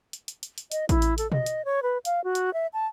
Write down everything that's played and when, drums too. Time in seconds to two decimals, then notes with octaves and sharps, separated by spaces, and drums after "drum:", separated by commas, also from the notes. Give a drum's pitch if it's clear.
0.13 drum: hi-hat
0.28 drum: hi-hat
0.43 drum: hi-hat
0.58 drum: hi-hat
0.72 D#5, drum: hi-hat
0.89 E4, drum: kick A1, hi-hat
1.02 drum: hi-hat
1.18 A4, drum: hi-hat
1.32 D#5, drum: tom
1.46 drum: hi-hat
1.65 C#5
1.83 B4
2.05 F5, drum: hi-hat
2.24 F#4
2.35 drum: hi-hat
2.54 E5
2.73 A5